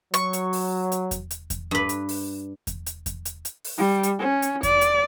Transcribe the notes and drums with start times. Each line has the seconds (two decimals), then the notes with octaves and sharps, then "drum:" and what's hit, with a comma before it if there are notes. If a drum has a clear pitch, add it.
0.14 F#3 C#6, drum: hi-hat
0.33 drum: hi-hat
0.53 drum: open hi-hat
0.92 drum: hi-hat
1.11 drum: kick E2, hi-hat
1.31 drum: hi-hat
1.50 drum: kick E2, hi-hat
1.71 G2 B4
1.89 drum: hi-hat
2.09 drum: open hi-hat
2.67 drum: kick E2, hi-hat
2.87 drum: hi-hat
3.06 drum: kick E2, hi-hat
3.25 drum: hi-hat
3.45 drum: hi-hat
3.64 drum: open hi-hat
3.78 G3
4.03 drum: hi-hat
4.19 C#4
4.42 drum: hi-hat
4.63 D5, drum: kick E2, hi-hat
4.81 drum: hi-hat